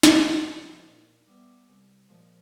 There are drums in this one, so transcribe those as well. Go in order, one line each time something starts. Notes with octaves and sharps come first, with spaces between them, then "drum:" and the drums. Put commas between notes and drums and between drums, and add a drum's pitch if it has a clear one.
E2, drum: snare
C#3 F3
A#2
G3 B3 E4
C2
A#2 F3 G#3